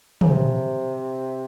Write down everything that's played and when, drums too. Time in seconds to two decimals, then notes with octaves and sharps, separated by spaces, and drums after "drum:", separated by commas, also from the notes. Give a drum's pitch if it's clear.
0.21 C#3, drum: tom
0.29 C3